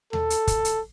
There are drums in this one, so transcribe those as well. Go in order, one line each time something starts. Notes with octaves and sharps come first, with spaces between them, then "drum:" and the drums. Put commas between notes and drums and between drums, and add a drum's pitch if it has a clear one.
A4, drum: tom D#2
drum: hi-hat
drum: kick, hi-hat
drum: hi-hat